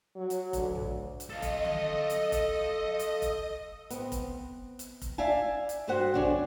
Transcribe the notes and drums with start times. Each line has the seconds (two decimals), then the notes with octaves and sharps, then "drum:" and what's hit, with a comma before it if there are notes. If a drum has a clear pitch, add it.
0.16 F#3
0.30 drum: hi-hat
0.53 D2, drum: kick F1, hi-hat
0.75 drum: tom A#1
1.20 drum: hi-hat
1.30 A4 D#5 F5
1.42 drum: kick F1, hi-hat
1.65 drum: tom D3
2.10 drum: hi-hat
2.32 drum: kick F1, hi-hat
2.99 drum: hi-hat
3.22 drum: kick F1, hi-hat
3.90 B3 C4, drum: hi-hat
4.12 drum: kick F1, hi-hat
4.79 drum: hi-hat
5.02 drum: kick F1, hi-hat
5.18 D5 E5 F5 G#5 A5
5.69 drum: hi-hat
5.88 G2 F#4 G4 C5 F#5
6.14 E2 D3 D4 C#5 G#5, drum: tom A#1